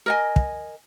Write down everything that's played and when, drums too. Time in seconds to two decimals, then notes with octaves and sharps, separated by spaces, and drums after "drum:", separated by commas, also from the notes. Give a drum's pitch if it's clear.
0.06 A#4 D#5 G#5
0.36 drum: kick